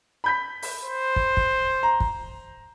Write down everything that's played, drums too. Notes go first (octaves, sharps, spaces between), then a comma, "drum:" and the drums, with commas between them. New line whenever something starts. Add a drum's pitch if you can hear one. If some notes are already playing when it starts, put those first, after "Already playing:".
B5 G6 B6
drum: open hi-hat
C5
drum: kick
drum: kick
A#5
drum: kick